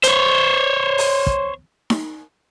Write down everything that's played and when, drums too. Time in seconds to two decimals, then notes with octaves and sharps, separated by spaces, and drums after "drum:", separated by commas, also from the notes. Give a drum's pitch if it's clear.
0.03 C5 C#5, drum: hi-hat
0.98 drum: open hi-hat
1.27 drum: kick
1.90 drum: snare D#4